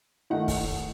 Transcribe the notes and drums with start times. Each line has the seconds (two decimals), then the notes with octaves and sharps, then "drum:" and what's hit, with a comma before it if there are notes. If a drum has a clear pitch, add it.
0.30 D#3 A3 D#4 F#5
0.48 drum: kick, open hi-hat